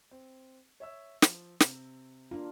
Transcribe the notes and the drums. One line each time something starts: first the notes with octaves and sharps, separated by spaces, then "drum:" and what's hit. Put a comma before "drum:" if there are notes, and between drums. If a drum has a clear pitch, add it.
C4
C#5 E5 E6
F3, drum: snare
C3, drum: snare
A#3 D4 F4